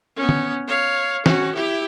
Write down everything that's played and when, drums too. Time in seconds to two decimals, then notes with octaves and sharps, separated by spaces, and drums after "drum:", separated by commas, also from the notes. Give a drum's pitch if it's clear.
0.17 B3 C#4
0.29 drum: tom
0.68 C#5 F5
1.26 C#4 F#4, drum: snare
1.55 E4 G4